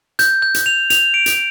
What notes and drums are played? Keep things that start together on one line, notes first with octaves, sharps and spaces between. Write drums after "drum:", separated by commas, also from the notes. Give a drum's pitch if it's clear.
G6, drum: hi-hat
G6
drum: hi-hat
F7
F7, drum: hi-hat
D7
drum: hi-hat